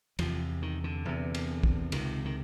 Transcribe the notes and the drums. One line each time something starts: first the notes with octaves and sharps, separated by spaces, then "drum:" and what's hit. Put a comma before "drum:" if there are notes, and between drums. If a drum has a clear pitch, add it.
E2 C3 F3, drum: cymbal
D#3
D3
E2 C3
drum: cymbal
drum: kick
C#2 C3 D#3, drum: cymbal
D#3